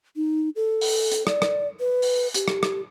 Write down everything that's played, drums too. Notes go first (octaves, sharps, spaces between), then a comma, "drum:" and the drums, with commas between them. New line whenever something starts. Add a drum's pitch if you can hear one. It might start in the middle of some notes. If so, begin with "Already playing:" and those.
D#4
A4
drum: open hi-hat
drum: hi-hat
D5, drum: rim click
drum: rim click
B4
drum: open hi-hat
G4, drum: hi-hat
drum: rim click
drum: rim click